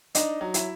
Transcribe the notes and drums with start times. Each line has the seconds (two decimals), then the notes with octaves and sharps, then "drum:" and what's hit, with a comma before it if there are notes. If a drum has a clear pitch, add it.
0.15 D4 D#4 D#5, drum: hi-hat
0.41 F#3
0.54 E4 E5, drum: hi-hat